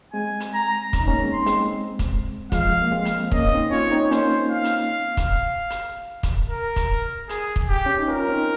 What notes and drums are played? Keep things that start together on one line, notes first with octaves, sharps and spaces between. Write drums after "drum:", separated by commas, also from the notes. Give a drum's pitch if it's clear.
G#3 C4 G#5
drum: hi-hat
A#5
C#4 A#5, drum: kick, hi-hat
D#4
A#3 C#4
G#3 C4
C6
G#3 C4, drum: hi-hat
drum: kick, hi-hat
F3 G#3 F5, drum: kick, hi-hat
A#3
G#3 C4
drum: hi-hat
A#3 C#4 D#5, drum: kick
C4 D#4
C#4 F4 C#5
C4 D#4
A#3 C#4 C5, drum: hi-hat
F5
drum: hi-hat
drum: kick, hi-hat
drum: hi-hat
drum: kick, hi-hat
A#4
drum: kick, hi-hat
G#4, drum: hi-hat
drum: kick
G4
C#4
D#4
C#4 F4 A#4
C4 D#4